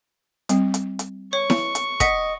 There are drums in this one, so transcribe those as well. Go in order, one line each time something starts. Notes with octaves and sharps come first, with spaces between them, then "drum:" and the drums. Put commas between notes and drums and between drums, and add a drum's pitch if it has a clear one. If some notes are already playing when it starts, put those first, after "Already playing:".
G3 C4, drum: hi-hat
drum: hi-hat
drum: hi-hat
C#5 C#6
drum: snare E4
drum: hi-hat
D#5 F#5 B6 C#7, drum: kick, hi-hat